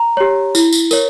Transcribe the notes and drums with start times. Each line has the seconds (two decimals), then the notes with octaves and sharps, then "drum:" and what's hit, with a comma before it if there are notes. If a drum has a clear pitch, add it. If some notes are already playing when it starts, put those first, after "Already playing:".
Already playing: A#5
0.17 G4 C#5
0.55 E4, drum: tambourine
0.73 drum: tambourine
0.91 A#4 C#5, drum: tambourine